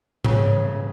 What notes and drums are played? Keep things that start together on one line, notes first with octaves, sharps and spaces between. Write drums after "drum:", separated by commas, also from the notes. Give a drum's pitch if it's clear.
C#3 C#5, drum: tom G#2